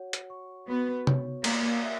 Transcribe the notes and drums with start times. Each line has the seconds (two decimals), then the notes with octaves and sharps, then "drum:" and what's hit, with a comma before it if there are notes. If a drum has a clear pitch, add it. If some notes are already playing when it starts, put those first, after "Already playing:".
Already playing: F#4 C#5 F#5
0.13 drum: hi-hat
0.30 C#6
0.69 B3 F#4
1.07 C#5, drum: tom
1.44 A#3 A#4, drum: cymbal
1.83 E5